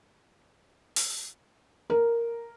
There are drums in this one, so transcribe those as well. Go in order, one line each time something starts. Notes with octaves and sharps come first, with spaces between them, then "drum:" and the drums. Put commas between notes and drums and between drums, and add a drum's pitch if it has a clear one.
drum: open hi-hat
A#4